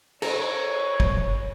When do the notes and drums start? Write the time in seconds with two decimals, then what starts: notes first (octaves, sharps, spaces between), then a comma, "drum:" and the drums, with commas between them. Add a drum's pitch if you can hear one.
0.22 A4 A#4 C5 C#5, drum: cymbal
1.00 drum: kick G1